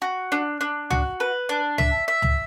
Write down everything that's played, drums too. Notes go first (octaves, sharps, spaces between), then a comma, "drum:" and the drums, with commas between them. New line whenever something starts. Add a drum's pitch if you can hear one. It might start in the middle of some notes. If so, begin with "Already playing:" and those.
F#4
D4
D4
F#4, drum: tom C#2
B4
D4
E5, drum: tom C#2
E5
drum: tom C#2